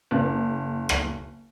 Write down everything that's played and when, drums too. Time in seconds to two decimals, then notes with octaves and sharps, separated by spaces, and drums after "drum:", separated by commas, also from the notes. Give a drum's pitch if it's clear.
0.11 F#1
0.89 drum: rim click